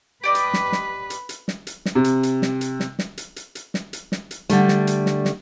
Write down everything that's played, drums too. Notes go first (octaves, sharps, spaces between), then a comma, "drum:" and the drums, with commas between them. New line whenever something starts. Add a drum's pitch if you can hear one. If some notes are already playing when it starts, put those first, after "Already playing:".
G4 B4 D5 D#5
drum: hi-hat
drum: snare
drum: snare
drum: hi-hat
drum: hi-hat
drum: snare
drum: hi-hat
drum: snare
C3
drum: hi-hat
drum: hi-hat
drum: snare
drum: hi-hat
drum: snare
drum: snare
drum: hi-hat
drum: hi-hat
drum: hi-hat
drum: snare
drum: hi-hat
drum: snare
drum: hi-hat
D3 G3 A3, drum: hi-hat
drum: snare
drum: hi-hat
drum: snare
drum: snare